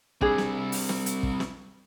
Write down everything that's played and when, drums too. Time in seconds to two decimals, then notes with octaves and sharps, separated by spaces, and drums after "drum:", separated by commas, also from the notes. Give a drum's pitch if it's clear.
0.21 G3 C4 D4 G#4, drum: kick
0.38 drum: snare
0.72 drum: open hi-hat
0.89 drum: snare
1.06 drum: hi-hat
1.23 drum: kick
1.40 drum: snare